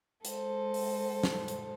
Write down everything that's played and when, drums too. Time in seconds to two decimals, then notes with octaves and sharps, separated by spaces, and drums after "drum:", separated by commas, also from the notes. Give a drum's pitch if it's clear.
0.25 G#3 A4 C5, drum: hi-hat
0.74 drum: open hi-hat
1.23 drum: snare
1.48 drum: hi-hat